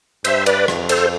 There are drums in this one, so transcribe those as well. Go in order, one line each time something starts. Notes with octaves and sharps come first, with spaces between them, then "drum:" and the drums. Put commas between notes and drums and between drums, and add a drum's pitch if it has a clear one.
G2 C5 E5, drum: cymbal
B4 D5, drum: cymbal
F2, drum: rim click
A4 C5, drum: cymbal